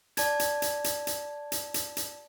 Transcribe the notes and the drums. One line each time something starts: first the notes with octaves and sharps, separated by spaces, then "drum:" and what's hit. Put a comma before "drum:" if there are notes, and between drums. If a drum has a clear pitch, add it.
D5 A5 G#6, drum: hi-hat
drum: hi-hat
drum: hi-hat
drum: hi-hat
drum: hi-hat
drum: hi-hat
drum: hi-hat
drum: hi-hat